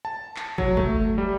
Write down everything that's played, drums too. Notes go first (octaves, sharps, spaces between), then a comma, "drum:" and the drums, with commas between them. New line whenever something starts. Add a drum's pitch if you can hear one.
A5
drum: clap
F#3, drum: kick
A3, drum: kick
G3